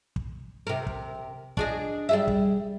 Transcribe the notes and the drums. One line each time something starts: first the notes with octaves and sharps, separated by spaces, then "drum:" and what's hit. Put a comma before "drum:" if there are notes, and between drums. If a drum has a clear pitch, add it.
drum: kick
C3 A#4
drum: kick
D4 G#4 D#5, drum: kick
G3 G#4 E5
drum: kick